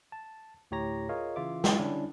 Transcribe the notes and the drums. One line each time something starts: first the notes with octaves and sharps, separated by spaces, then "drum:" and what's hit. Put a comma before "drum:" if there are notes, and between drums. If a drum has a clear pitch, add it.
A5
D2 A2 G4 C#5 A#5 A#6
F4 G#4 A#4 C#5 D#5 F5
C#3 E3 F4 E5 D6
drum: snare
D3 G3 C#4 D4 E4